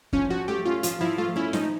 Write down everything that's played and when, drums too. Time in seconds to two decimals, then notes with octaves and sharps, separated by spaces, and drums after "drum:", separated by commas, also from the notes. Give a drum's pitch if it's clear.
0.13 F3 C#4, drum: kick
0.30 F3 F#4
0.48 A3 G4
0.65 C#4 F4
0.83 F3 F4, drum: hi-hat
1.01 F3 E4
1.18 A3 F4
1.36 C#4 E4
1.53 F3 D#4, drum: snare